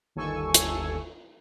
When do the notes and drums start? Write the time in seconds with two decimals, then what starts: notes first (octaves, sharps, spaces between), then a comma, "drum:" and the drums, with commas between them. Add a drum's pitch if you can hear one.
0.15 G1 D#2 A4 G#5 C#6 E6
0.54 drum: hi-hat